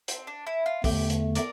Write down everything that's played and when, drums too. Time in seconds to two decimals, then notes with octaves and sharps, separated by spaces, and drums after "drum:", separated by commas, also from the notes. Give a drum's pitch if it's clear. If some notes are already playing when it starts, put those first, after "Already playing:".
0.08 C4, drum: hi-hat
0.27 D4
0.47 E4
0.66 F4
0.84 E2 D3 A3 G4, drum: kick, open hi-hat
1.10 drum: hi-hat
1.35 A#4 D5, drum: hi-hat